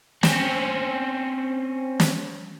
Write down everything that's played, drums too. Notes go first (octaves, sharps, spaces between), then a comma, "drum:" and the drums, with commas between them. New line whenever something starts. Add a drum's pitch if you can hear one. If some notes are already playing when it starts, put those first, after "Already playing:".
C4 C#4, drum: snare
drum: snare